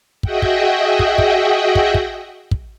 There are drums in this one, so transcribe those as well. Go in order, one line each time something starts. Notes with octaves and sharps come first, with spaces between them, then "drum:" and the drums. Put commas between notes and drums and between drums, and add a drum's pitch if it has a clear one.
F#4 G#4 D#5 E5 F#5 G5, drum: kick
drum: kick
drum: kick
drum: kick
drum: kick
drum: kick
drum: kick